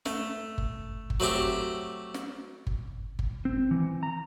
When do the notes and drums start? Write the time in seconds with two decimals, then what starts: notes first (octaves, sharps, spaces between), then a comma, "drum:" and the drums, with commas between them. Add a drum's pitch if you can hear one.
0.06 A3, drum: snare
0.58 drum: kick G1
1.10 drum: kick G1
1.20 F#3 A3 C4 G4
2.14 drum: snare
2.67 drum: kick G1
3.19 drum: kick G1
3.45 C4
3.71 E3
4.03 A#5